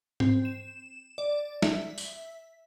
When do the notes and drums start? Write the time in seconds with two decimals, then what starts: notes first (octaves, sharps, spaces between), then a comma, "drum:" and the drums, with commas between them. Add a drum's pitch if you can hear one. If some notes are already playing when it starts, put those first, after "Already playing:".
0.20 C4, drum: tom G#2
0.45 E7
1.18 D5
1.62 E5, drum: snare
1.98 drum: tambourine